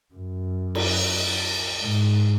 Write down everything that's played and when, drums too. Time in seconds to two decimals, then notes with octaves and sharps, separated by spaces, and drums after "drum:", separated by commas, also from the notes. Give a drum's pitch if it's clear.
0.14 F#2
0.75 drum: cymbal
1.83 G#2